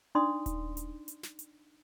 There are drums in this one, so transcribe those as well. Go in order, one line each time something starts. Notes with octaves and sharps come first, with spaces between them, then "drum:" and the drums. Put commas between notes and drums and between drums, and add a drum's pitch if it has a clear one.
D4 D#4 D5 C6 D#6
drum: kick D#1, hi-hat
drum: hi-hat
drum: hi-hat
drum: snare
drum: hi-hat